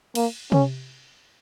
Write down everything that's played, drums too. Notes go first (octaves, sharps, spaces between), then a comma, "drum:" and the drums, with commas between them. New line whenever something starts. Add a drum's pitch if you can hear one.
A#3, drum: cymbal
C#4, drum: tom C3